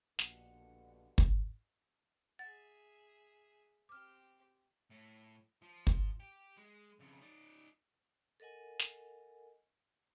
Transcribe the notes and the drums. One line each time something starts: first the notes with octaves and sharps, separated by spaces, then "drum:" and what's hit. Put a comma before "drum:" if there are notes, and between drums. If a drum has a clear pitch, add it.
A#1 G2 B2 D3 F#5, drum: snare
drum: kick
G#4 E5 F#5 A6
C4 G4 D6 F6
A2
F3
drum: kick
G4
G#3
F2 C#3
D#4 D5
A4 A#4 D#5 F#5 G#5
drum: snare